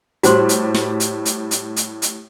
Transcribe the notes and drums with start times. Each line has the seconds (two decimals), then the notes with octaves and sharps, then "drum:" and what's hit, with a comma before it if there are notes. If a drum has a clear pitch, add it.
0.23 A2 G3 F#4 C5 C6, drum: hi-hat
0.49 drum: hi-hat
0.74 drum: snare
1.00 drum: hi-hat
1.25 drum: hi-hat
1.51 drum: hi-hat
1.76 drum: hi-hat
2.02 drum: hi-hat